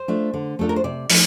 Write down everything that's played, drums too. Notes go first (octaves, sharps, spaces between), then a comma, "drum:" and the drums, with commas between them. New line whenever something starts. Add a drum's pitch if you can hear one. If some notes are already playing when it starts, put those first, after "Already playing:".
Already playing: C5
A3 D4 F4
D3
A3 D4 F4 A4
A#4
C5
C3 D5
F3 A3, drum: open hi-hat